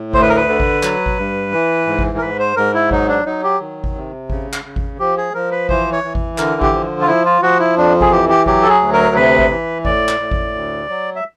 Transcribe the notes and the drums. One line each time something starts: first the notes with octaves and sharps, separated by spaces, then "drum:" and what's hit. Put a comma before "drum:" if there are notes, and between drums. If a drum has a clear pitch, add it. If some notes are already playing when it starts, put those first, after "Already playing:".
Already playing: A2
D2 C5, drum: kick G#1
B4
A#4
B4
D3
drum: kick G#1
F#3, drum: clap
drum: kick G#1
G2
E3
G#2
drum: kick G#1
A#4
G#2 B4
C5
G#2 A#4
E4
F#3 D#4, drum: kick G#1
D4
F#3 D#4
G4
D#3
drum: kick G#1
C3
C#3, drum: kick G#1
drum: clap
C#3
drum: kick G#1
F3 G4
G#4
F3 A#4
B4
E3 C5, drum: kick G#1
C#5
E3
drum: kick G#1
D3 A#4, drum: clap
G4, drum: kick G#1
F3
F4
F3 E4
F4
F3 F#4
E4
F2 D4
G#4, drum: kick G#1
E3 G4
G4
F#3 G4, drum: kick G#1
A4
G#4
D2
A#4
C3 B4
drum: kick G#1
E3
A2 D5, drum: kick G#1
drum: clap
A2
drum: kick G#1
D2
F#3
E5